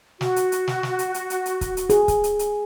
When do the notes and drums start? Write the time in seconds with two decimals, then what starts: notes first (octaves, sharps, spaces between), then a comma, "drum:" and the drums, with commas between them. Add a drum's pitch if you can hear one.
0.21 F#4, drum: snare
0.36 drum: hi-hat
0.52 drum: hi-hat
0.68 drum: snare
0.83 drum: snare
0.99 drum: hi-hat
1.14 drum: hi-hat
1.30 drum: hi-hat
1.46 drum: hi-hat
1.61 drum: kick, hi-hat
1.77 drum: hi-hat
1.90 G#4, drum: hi-hat
2.08 drum: kick, hi-hat
2.24 drum: hi-hat
2.39 drum: hi-hat